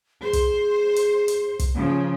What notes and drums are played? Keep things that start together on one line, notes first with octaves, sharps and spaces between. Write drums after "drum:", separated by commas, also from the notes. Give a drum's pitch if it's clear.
G#4 C5
drum: kick, hi-hat
drum: hi-hat
drum: hi-hat
drum: kick, hi-hat
C#3 F3